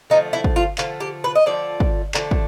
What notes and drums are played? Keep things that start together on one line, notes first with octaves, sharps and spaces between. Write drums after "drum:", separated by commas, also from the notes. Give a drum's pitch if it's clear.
D3 F3 A3 D#4
E4
drum: kick
F4
D3 F3 A3 F4, drum: clap
G4
B4
D#5
D3 F3 A3 D5
drum: kick
D3 F3 A3, drum: clap
drum: kick